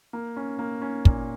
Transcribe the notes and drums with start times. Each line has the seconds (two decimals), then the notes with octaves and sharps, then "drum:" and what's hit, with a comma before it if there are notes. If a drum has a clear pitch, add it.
0.13 A#3
0.37 C#4
0.59 A#3
0.82 C#4
1.05 A#2, drum: kick